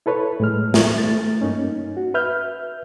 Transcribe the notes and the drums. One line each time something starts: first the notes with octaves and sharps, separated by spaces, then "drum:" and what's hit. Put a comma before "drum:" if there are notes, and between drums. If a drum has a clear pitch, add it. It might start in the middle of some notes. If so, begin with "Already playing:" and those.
E4 A4 B4 C#5
A2 G#3 F6
drum: snare
A3 A6
G2 A#3 C#4 D#4
F#4
B4 E5 F6 G6